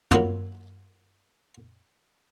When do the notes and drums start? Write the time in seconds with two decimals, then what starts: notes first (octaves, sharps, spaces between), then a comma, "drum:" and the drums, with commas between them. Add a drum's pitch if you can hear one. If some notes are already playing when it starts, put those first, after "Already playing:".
0.11 F#3 A#3 E4 F4, drum: tom